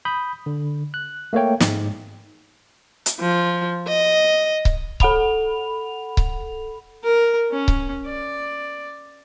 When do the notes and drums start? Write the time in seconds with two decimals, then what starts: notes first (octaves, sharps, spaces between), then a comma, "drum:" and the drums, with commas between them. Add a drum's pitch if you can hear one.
0.05 B5 D#6 G6
0.46 D3
0.94 F#6
1.33 A3 A#3 A4 C#5 G5
1.60 G#2 G#3, drum: snare
3.06 drum: hi-hat
3.20 F3
3.88 D#5
4.65 drum: kick C#1
5.00 A4 F#5 B5 F7, drum: kick C#1
6.17 drum: kick C#1
7.03 A#4
7.51 C#4
7.68 drum: kick C#1
8.06 D5